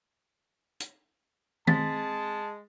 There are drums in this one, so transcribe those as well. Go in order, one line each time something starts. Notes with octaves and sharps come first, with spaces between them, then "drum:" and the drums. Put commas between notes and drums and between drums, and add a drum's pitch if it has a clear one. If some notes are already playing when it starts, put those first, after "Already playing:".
drum: hi-hat
G#3 C4 A5 A6 B6, drum: tom D#3